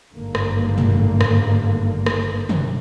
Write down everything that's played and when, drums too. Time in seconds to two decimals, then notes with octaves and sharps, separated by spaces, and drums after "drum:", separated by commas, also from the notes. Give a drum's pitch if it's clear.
0.13 G#1 G2 D3 A#3
0.35 drum: rim click
0.78 drum: tom
1.21 drum: rim click
2.06 drum: rim click
2.49 drum: tom